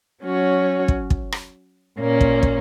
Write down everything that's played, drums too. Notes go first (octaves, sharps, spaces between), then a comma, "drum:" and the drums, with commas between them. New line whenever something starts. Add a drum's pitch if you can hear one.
F#3 C#4 F#4 C#5
drum: kick
drum: kick
drum: rim click
A#2 A#3 C#4
drum: kick
drum: kick